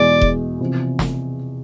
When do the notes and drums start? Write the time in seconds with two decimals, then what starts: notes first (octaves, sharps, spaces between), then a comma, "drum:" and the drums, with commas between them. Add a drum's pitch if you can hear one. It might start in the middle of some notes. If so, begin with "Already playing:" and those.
Already playing: E2 B2 G#3 D5
0.21 drum: kick E1
0.60 E2 C3 F3
0.99 drum: snare